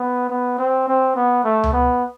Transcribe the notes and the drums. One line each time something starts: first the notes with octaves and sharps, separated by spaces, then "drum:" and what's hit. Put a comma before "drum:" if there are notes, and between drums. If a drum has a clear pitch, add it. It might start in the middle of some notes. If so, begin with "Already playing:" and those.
Already playing: B3
B3
C4
C4
B3
A3
drum: tom C#2
B3